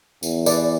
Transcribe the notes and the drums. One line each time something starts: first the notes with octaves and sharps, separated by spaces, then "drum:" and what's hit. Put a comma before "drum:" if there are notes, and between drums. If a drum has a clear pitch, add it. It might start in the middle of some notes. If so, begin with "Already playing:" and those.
E2, drum: tambourine
B4 D5, drum: tambourine